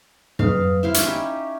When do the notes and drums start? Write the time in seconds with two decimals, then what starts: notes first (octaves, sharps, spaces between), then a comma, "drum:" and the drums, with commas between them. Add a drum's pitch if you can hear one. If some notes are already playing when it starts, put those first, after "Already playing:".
0.39 F#3 B4 F5 D#6, drum: tom
0.83 E4 C5 E5 F5
0.94 drum: hi-hat
1.03 C#4 D#4 G4